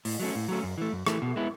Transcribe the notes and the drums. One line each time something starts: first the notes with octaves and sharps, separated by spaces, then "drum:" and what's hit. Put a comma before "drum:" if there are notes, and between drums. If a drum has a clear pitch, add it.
A2, drum: open hi-hat
F#3 A3 C#4
A2
F#3 A3 C#4
F#2
E3 A3
F#2
E3 A3, drum: rim click
B2
G#3 B3 E4